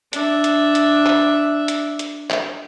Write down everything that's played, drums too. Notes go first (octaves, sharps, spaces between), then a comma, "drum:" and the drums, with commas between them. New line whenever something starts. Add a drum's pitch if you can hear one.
D4 E5, drum: hi-hat
drum: hi-hat
drum: hi-hat
drum: clap
drum: hi-hat
drum: hi-hat
drum: clap